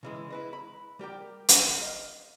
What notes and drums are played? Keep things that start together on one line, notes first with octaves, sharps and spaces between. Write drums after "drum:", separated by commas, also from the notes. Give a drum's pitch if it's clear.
C#3 E3 G#3
E4 B4 D#5
B5
G3 G4 A#4 G5
E5, drum: hi-hat
D#5 F5